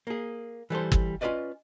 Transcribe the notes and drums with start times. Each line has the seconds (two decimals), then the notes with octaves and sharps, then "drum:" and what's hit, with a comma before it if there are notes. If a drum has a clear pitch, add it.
0.07 A#3 G#4
0.70 E3 G3 A4 C5
0.92 drum: kick
1.21 C#4 F4 G4 B4 D5 D#5